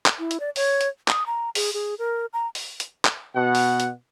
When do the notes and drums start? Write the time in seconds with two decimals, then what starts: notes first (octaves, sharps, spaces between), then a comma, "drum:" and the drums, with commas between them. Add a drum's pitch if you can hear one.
0.06 drum: clap
0.19 E4
0.31 drum: hi-hat
0.40 D5
0.56 C#5, drum: open hi-hat
0.81 drum: hi-hat
1.08 D#6, drum: clap
1.26 A#5
1.55 G#4, drum: open hi-hat
1.74 G#4
1.99 A#4
2.33 A#5
2.55 drum: open hi-hat
2.80 drum: hi-hat
3.05 drum: clap
3.34 B2 F#5
3.55 drum: open hi-hat
3.80 drum: hi-hat